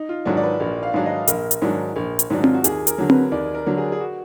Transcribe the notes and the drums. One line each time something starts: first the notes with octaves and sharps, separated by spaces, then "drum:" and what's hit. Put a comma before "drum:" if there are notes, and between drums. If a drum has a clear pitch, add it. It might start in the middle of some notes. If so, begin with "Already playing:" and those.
Already playing: D#4
F4
G#2 D#3 F#3 D4 F#4
D5
B4
A#1
F5
G#2 D#3 F#3 D4
D#5
A#1 A#4, drum: hi-hat
drum: hi-hat
G#2 D#3 F#3 D4
A#1
drum: hi-hat
G#2 D#3 F#3 D4
F4, drum: tom C4
F#4
D#2 G#4, drum: hi-hat
A#4, drum: hi-hat
D3 F#3
B4, drum: tom C4
D#2 D5
A#4
D3 F#3
G#4
G#4
F#4